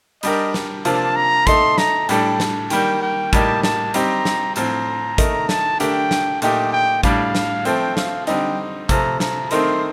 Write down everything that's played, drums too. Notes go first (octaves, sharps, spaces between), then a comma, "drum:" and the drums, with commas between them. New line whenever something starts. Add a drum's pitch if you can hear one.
G3 D4 G4 A#4 D#5, drum: hi-hat
drum: snare
C3 F3 A#3 D4 F4 A5, drum: hi-hat
A#5
A3 D#4 A4 C6, drum: kick, hi-hat
A#5, drum: snare
A2 G3 D4 A4 G5, drum: hi-hat
drum: snare
D#3 G3 A#3 G5, drum: hi-hat
G5
A2 G3 A#3 D#4 G4 A5, drum: kick, hi-hat
A5, drum: snare
G3 C4 D#4 G4 A#5, drum: hi-hat
drum: snare
A2 F3 C4 A#5, drum: hi-hat
D#3 A3 D#4 A#4, drum: kick, hi-hat
A5, drum: snare
D3 A3 D4 G4 A#4 G5, drum: hi-hat
drum: snare
A#2 A3 D#4 G4 G5, drum: hi-hat
G5
A2 G3 D4 F5, drum: kick, hi-hat
drum: snare
F3 A3 C4 G5, drum: hi-hat
F5, drum: snare
D3 G3 C4 D#4 G5, drum: hi-hat
C3 F3 A3 A#5, drum: kick, hi-hat
A#5, drum: snare
D#3 A3 C4 D#4 A#4 C6, drum: hi-hat